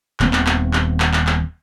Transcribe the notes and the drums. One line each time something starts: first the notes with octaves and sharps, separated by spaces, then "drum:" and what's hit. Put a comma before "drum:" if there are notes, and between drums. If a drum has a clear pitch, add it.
D#1 D#2 B3 C4, drum: clap
drum: clap
drum: clap
drum: clap
drum: clap
drum: clap
drum: clap